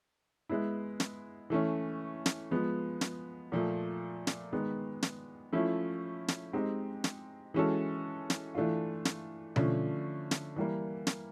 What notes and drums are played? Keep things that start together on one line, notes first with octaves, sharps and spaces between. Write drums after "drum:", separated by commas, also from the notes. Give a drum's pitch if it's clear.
G#3 B3 E4
drum: snare
E3 A3 C#4
drum: snare
F3 G#3 B3
drum: snare
A#2 F3 A3
drum: snare
D#3 G#3 B3
drum: snare
F3 A3 C#4 E4
drum: snare
G#3 C4 D#4 G4
drum: snare
E3 G#3 C#4 F#4 A4
drum: snare
E3 A3 D4 F4
drum: snare
D3 F3 A3 C#4, drum: tom B2
drum: snare
E3 G3 A#3
drum: snare